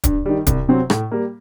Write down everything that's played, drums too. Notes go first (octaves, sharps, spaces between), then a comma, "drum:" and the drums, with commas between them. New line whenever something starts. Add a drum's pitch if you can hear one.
G2, drum: kick D1, hi-hat
D#3 G3
C2, drum: kick D1, hi-hat
C3 F#3 C4
A2, drum: rim click
G3 A#3